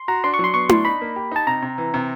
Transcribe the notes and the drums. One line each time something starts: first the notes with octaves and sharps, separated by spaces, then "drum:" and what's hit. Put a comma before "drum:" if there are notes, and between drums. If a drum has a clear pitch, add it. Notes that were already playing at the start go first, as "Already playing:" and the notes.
Already playing: C6
F#4 A#5
D4 C6
C#6
F#3 C6
B3 C#6
D4 C6, drum: tom E4
D#4 B5
A#3
G4
D#4 A5
C3 A#5
C3
E3
C3